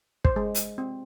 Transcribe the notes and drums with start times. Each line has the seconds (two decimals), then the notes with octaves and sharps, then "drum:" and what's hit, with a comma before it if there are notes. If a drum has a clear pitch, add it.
0.25 C5, drum: kick
0.36 G#3
0.55 drum: hi-hat
0.78 C4